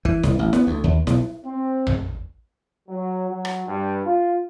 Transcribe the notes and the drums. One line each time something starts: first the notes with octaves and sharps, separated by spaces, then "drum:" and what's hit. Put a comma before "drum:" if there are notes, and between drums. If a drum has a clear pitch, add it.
E3, drum: kick
C2, drum: snare E4
A1
B3, drum: snare E4
D2
D#2
B1, drum: snare E4
C4
drum: tom A#1
F#3
F#3
drum: rim click
G2
F4